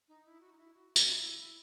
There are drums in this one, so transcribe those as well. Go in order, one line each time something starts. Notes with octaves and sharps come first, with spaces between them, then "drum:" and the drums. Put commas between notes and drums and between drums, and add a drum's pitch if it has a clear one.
D#4
E4
F#4
D#4
E4
F#4
G#4, drum: tambourine
F#4
E4
E4